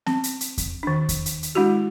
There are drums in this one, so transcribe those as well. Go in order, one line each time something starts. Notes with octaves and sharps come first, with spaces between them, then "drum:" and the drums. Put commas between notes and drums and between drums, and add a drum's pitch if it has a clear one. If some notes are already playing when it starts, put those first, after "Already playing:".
C4, drum: snare B3
drum: hi-hat
drum: hi-hat
drum: kick E2, hi-hat
D#3 D4
drum: kick E2, hi-hat
drum: hi-hat
drum: hi-hat
G#3 D4 E4 F#4 G4